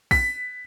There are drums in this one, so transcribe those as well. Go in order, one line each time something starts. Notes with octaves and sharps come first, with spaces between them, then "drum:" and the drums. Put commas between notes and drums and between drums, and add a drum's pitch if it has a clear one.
B6, drum: kick, open hi-hat